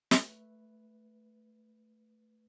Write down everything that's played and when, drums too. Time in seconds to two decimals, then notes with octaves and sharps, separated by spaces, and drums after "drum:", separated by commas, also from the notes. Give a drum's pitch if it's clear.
0.11 A3 B4, drum: snare